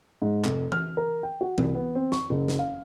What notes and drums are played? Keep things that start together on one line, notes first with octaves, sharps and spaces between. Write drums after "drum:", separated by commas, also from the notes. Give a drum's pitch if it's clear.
G#2
F1, drum: clap
F6, drum: tom E3
A#4
G5
F#4
C2, drum: tom E3
B3
C4
C#6, drum: snare
F#1
drum: snare
F5